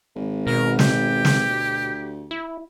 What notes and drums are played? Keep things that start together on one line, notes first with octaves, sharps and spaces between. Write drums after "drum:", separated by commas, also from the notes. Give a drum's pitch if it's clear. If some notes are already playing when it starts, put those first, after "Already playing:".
G#1
B2 A#4
G4, drum: snare
drum: snare
D2
E4